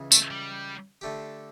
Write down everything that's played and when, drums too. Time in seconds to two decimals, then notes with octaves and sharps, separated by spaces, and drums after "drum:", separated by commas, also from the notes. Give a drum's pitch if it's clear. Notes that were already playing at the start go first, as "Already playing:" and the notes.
Already playing: C#2 C#3 E3
0.12 A3, drum: tambourine
0.31 G3
1.01 D3 A3 D4 G4